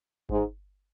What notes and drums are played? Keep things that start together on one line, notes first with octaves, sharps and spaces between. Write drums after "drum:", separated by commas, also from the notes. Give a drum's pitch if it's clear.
G#2, drum: kick G1